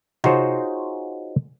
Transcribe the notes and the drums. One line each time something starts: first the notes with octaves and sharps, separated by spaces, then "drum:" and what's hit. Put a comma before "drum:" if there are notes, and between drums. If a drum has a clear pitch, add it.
D#4 F4 F#4 G#4 C5 C#5, drum: tom C3